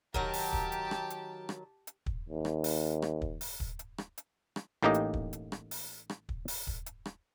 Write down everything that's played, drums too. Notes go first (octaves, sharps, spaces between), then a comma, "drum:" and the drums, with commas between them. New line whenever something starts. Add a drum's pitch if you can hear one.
D#3 F#3 G4 A#4 A5, drum: kick
drum: open hi-hat
drum: kick
drum: hi-hat
drum: rim click
drum: hi-hat
drum: rim click
drum: hi-hat
drum: kick
D#2
drum: rim click
drum: open hi-hat
drum: rim click
drum: kick
drum: open hi-hat
drum: kick
drum: hi-hat
drum: rim click
drum: hi-hat
drum: rim click
A1 A2 A#3 D#4 G4 D#5
drum: hi-hat
drum: kick
drum: hi-hat
drum: rim click
drum: open hi-hat
drum: rim click
drum: kick
drum: open hi-hat
drum: kick
drum: hi-hat
drum: rim click